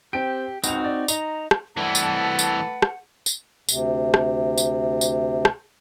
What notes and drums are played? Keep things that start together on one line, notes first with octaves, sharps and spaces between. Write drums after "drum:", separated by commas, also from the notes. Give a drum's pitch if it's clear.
C4 G4 G5 D7
C#2 C4 D#4 F#4 F7, drum: tambourine
D5
D#4 A#5, drum: tambourine
drum: rim click
C2 E3 A3 B4 F#5 A5
drum: tambourine
drum: tambourine
drum: rim click
drum: tambourine
D2 C3, drum: tambourine
drum: rim click
drum: tambourine
drum: tambourine
drum: rim click